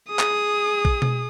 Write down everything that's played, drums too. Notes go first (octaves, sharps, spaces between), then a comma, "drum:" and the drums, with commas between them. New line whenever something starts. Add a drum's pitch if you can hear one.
G#4 D#6
drum: clap
drum: kick A#1
drum: tom B2